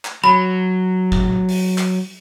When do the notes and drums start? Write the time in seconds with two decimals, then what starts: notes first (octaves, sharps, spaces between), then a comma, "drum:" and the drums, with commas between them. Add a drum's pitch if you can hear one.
0.05 drum: clap
0.24 F#3 B5
1.12 drum: kick G#1
1.49 drum: open hi-hat
1.78 drum: clap